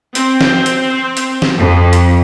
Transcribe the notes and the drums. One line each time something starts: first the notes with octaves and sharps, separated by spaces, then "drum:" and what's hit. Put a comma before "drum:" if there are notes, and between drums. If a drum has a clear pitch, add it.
C4, drum: hi-hat
drum: snare
drum: hi-hat
drum: hi-hat
drum: snare
F2
drum: hi-hat